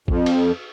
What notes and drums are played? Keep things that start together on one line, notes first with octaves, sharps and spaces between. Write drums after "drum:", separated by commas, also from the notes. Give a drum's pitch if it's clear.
F2, drum: kick
drum: cymbal